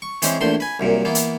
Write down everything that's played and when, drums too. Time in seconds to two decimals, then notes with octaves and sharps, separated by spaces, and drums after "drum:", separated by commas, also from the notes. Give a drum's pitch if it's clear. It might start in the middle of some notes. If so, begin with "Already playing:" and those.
0.02 C#6
0.22 E3 G#3 C4 C#4, drum: hi-hat
0.41 A#1 E2 A3 C5 C6
0.60 B4 G#5
0.80 C2 F#2 A#2
1.05 E3 A#3 B3
1.15 drum: hi-hat